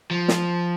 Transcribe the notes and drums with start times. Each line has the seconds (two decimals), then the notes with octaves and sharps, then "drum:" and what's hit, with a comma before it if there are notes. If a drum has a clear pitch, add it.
0.11 F3
0.28 drum: snare